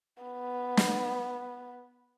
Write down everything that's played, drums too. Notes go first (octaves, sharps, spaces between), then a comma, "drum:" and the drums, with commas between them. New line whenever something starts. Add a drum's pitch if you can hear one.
B3
drum: snare